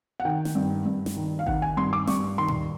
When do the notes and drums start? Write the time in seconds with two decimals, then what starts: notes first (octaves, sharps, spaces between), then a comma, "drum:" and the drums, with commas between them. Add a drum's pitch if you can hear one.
0.20 F#5
0.25 D#3 G5
0.45 drum: snare
0.55 G2
0.86 G2
1.06 drum: snare
1.16 D#3
1.39 F5
1.47 D#3 F#5, drum: kick G#1
1.62 G#5
1.77 G2 C6
1.93 D6
2.07 G2 C#6, drum: snare
2.38 D#3 C6
2.48 drum: tom A2